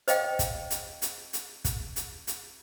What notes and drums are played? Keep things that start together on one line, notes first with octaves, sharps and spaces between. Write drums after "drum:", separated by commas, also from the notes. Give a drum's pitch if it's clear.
C5 D#5 F5 G5, drum: hi-hat
drum: kick, hi-hat
drum: hi-hat
drum: hi-hat
drum: hi-hat
drum: kick, hi-hat
drum: hi-hat
drum: hi-hat